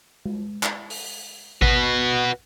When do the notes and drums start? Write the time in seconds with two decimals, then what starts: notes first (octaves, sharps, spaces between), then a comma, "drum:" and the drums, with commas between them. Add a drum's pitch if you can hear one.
0.26 drum: tom G#3
0.63 drum: clap
0.90 drum: open hi-hat
1.62 F#4 B4, drum: kick G#1